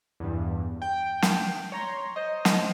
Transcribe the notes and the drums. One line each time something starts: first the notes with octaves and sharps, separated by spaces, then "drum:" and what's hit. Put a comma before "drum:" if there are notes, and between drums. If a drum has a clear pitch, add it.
E2 G2
G5
drum: snare
C#5 A#5 C6
C5 D#5
drum: snare